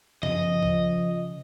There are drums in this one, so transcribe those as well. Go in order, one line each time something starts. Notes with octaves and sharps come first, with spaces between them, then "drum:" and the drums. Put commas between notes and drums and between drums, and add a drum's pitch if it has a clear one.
C#3 F3 D#5, drum: tom F#2
drum: kick